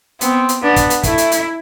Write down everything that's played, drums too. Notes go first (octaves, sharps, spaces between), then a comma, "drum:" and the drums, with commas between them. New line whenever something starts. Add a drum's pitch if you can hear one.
B3 C4, drum: hi-hat
drum: hi-hat
B3 D4
drum: kick, hi-hat
drum: hi-hat
A3 E4, drum: kick, hi-hat
drum: hi-hat
drum: hi-hat